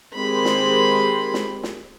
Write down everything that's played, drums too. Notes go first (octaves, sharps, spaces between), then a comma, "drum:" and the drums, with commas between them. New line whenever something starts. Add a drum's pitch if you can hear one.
D#3 G#3 C4 G4 B5 C6
drum: snare
drum: snare
drum: snare